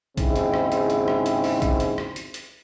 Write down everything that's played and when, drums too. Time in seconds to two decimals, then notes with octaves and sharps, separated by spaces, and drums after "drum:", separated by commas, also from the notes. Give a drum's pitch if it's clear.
0.17 D#2 G#2 C#3 C4 E4, drum: kick B1, hi-hat
0.36 drum: hi-hat
0.54 drum: rim click
0.72 drum: hi-hat
0.90 drum: hi-hat
1.08 drum: rim click
1.26 drum: hi-hat
1.44 drum: open hi-hat
1.62 drum: kick B1, hi-hat
1.80 drum: hi-hat
1.98 drum: rim click
2.16 drum: hi-hat
2.34 drum: hi-hat